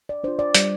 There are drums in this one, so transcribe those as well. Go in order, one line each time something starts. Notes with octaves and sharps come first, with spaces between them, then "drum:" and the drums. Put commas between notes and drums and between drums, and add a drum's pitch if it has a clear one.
D5
D4 F4 C5
D5
G3 D5, drum: hi-hat